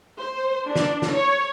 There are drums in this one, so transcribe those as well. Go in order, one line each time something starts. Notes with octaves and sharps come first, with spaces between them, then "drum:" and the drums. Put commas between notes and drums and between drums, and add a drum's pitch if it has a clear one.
C5
D4
drum: snare
drum: snare
C#5